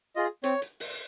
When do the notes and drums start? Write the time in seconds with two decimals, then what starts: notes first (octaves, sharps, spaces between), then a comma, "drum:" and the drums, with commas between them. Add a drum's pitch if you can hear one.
0.16 F4 G#4 D#5
0.43 C4 C#5, drum: hi-hat
0.62 drum: hi-hat
0.80 drum: open hi-hat